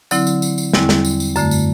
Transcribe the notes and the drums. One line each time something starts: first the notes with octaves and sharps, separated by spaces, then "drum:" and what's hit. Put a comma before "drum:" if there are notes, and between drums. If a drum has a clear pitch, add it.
D3 F#3 C4 E4, drum: tambourine
drum: tambourine
drum: tambourine
drum: tambourine
E2 D3 G3 C4 E4, drum: snare
drum: snare
drum: tambourine
drum: tambourine
F#2 D3 A3, drum: tambourine
drum: tambourine